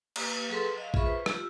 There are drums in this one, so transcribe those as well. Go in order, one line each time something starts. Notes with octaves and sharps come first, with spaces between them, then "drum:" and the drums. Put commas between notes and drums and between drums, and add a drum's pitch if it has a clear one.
A#3 G4 B4, drum: cymbal
F#3 G#4 A4 B4 C6
D#5 F5
F4 G#4 E5 B5 C#6, drum: kick
B4 C5
F4 G4 E6, drum: rim click